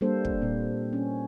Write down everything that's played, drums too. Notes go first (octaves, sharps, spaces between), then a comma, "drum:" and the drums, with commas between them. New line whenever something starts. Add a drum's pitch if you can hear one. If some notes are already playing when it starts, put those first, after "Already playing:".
G3 A#3 D4 A4 C5
drum: kick
A#2 C4
C#4